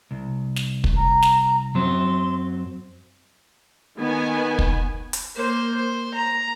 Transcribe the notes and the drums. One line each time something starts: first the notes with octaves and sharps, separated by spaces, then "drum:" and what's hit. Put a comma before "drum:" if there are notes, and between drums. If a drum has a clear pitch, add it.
C2
drum: snare
drum: kick
A#5
drum: snare
F#2 F#3 C4 C6
D#3 B3 G#5
drum: kick
drum: hi-hat
A#3 C5
C5
A#5